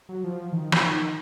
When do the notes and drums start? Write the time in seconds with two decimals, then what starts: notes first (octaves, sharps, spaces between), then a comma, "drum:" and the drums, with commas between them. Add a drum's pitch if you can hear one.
0.09 F#3
0.24 F3
0.52 D#3
0.72 F3, drum: rim click
0.82 D#3